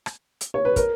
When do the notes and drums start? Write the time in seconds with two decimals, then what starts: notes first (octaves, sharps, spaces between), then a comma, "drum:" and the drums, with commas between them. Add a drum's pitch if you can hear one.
0.06 drum: rim click
0.41 drum: hi-hat
0.54 C#5
0.65 B4
0.76 A#4, drum: kick, hi-hat